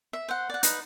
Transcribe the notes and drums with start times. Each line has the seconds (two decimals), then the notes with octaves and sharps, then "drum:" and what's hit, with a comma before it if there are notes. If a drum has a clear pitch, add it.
0.13 E5
0.29 C5 F#5
0.50 D5 F#5
0.63 D#4 B4, drum: hi-hat